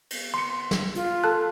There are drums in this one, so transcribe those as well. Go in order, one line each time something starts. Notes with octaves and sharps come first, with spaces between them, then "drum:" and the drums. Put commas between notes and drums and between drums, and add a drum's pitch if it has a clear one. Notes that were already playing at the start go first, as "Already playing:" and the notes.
drum: cymbal
C6 C#7
drum: snare
F4, drum: hi-hat
A4 A5 F#6